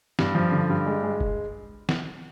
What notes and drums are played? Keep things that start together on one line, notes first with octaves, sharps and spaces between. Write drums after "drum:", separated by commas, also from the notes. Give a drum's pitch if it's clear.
G2, drum: snare
F3
D3
G2
G#3
G#3
drum: kick
drum: snare